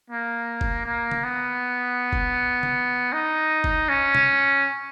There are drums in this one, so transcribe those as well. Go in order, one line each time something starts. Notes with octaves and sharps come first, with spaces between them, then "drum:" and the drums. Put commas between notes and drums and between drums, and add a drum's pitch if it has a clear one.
A#3
drum: kick F1
A#3
drum: tom D3
B3
drum: kick F1
drum: tom D3
D#4
drum: kick F1
C#4
drum: tom